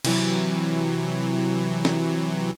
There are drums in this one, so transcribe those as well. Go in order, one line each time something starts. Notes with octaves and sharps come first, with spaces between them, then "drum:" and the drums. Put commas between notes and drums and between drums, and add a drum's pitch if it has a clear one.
C3 E3 F#3, drum: cymbal
drum: snare